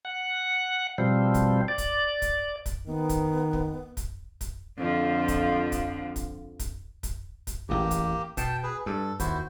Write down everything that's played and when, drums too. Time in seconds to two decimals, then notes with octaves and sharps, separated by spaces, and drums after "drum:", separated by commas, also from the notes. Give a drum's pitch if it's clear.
0.05 F#5
0.98 B2 F3 G3 C4
1.34 drum: kick, hi-hat
1.68 D5
1.78 drum: kick, hi-hat
2.22 drum: kick, hi-hat
2.66 drum: kick, hi-hat
2.87 D#3 B3
3.09 drum: kick, hi-hat
3.53 drum: kick
3.97 drum: kick, hi-hat
4.41 drum: kick, hi-hat
4.77 F2 D3 F3
5.28 drum: kick, hi-hat
5.72 drum: kick, hi-hat
6.16 drum: kick, hi-hat
6.59 drum: kick, hi-hat
7.03 drum: kick, hi-hat
7.47 drum: kick, hi-hat
7.69 A1 E2 A#3 G4
7.91 drum: kick, hi-hat
8.37 B2 G5 A5, drum: kick, hi-hat
8.63 G#4 B4
8.86 G2 A4
9.20 D#2 E4 F#4 C5, drum: kick, hi-hat